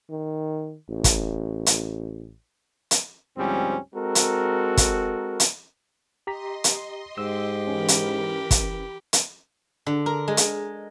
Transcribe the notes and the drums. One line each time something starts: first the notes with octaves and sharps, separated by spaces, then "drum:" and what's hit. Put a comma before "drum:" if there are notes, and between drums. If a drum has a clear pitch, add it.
D#3
A1
drum: kick, hi-hat
drum: hi-hat
drum: hi-hat
D2 G#2 F3 G3 C4 C#4
G#3 C4 F#4 A4 A#4
drum: hi-hat
drum: kick, hi-hat
drum: hi-hat
G4 D#5 A#5 C6 B6
drum: hi-hat
G#2 G4 E6
E3 C#4 A#4 B5
drum: hi-hat
drum: kick, hi-hat
drum: hi-hat
D3
A#4
G#3
drum: hi-hat